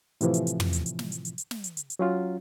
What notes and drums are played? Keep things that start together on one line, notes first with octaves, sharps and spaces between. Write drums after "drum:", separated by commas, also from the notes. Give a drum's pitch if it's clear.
A2 C3 E3 F3, drum: hi-hat
drum: hi-hat
drum: hi-hat
drum: tom
drum: hi-hat
drum: hi-hat
drum: snare
drum: hi-hat
drum: hi-hat
drum: hi-hat
drum: snare
drum: hi-hat
drum: hi-hat
drum: hi-hat
F#3 C#4 F4